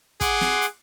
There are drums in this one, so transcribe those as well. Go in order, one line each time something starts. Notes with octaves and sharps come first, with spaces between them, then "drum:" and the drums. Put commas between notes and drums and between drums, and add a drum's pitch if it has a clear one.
G#4 F#5 C6 D6, drum: kick, hi-hat
drum: snare
drum: hi-hat